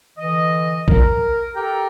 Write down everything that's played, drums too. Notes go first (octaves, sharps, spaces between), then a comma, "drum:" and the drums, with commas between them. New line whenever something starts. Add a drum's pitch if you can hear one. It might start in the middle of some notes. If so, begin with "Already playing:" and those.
D3 E3 D#5
A#4, drum: kick A#1
G4 A4 A#4 G5 A#5